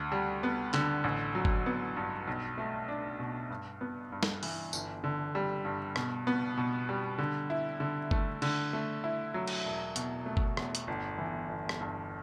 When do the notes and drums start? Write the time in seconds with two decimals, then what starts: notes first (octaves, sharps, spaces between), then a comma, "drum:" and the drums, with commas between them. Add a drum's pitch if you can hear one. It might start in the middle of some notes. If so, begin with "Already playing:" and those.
Already playing: D2
0.12 G3
0.43 B3
0.74 D3, drum: clap
1.04 A1
1.35 F#3
1.45 drum: kick
1.66 B3
1.97 G2
2.27 B1
2.58 A3
2.88 D4
3.19 B2
3.50 G2
3.81 B3
4.12 G2
4.23 drum: snare
4.43 E3, drum: open hi-hat
4.73 G1, drum: tambourine
5.04 D3
5.35 G3
5.65 G2
5.96 B2, drum: rim click
6.27 B3
6.57 B2
6.89 G3
7.18 D3
7.50 E4
7.80 D3
8.11 A3, drum: kick
8.42 D3, drum: cymbal
8.73 A3
9.04 E4
9.34 F#3
9.47 drum: cymbal
9.65 E1
9.96 B2, drum: hi-hat
10.26 A3
10.37 drum: kick
10.57 E2, drum: rim click
10.75 drum: hi-hat
10.88 G1
11.18 E3
11.49 G1
11.69 drum: rim click
11.81 G2